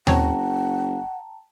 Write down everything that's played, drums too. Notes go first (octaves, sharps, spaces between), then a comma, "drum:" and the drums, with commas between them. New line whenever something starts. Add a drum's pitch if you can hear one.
F#1 C4 C#5 F#5 G5 A5 A#5, drum: tom D#2